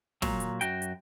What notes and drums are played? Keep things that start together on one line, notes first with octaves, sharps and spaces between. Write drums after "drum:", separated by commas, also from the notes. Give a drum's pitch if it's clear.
A#2 F#3, drum: snare
drum: hi-hat
F#2 F#4 G5, drum: hi-hat
drum: hi-hat